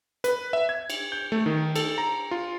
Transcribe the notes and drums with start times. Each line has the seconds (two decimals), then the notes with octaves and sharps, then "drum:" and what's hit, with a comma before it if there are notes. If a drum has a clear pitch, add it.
0.24 B4, drum: hi-hat
0.53 E5
0.69 G#6
0.90 drum: cymbal
1.12 G6
1.32 A3
1.46 D#3
1.76 A4, drum: cymbal
1.98 A#5
2.31 F4